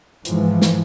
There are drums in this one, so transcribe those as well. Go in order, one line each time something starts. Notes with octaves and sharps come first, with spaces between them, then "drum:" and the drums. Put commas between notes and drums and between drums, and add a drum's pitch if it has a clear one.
G#2 E3 F3, drum: hi-hat
drum: snare